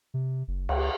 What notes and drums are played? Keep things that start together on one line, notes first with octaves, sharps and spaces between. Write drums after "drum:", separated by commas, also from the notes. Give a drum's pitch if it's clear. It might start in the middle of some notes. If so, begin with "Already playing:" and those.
C3
F#1
C#2, drum: cymbal